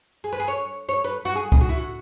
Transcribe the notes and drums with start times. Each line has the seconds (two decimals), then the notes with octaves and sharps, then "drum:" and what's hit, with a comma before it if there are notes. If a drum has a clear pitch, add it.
0.24 G#4
0.33 B4
0.40 G#4
0.48 C#5
0.89 C#5
1.04 B4
1.25 F#4
1.35 G#4
1.52 G#4, drum: kick C#2
1.61 F#4
1.69 E4
1.77 F#4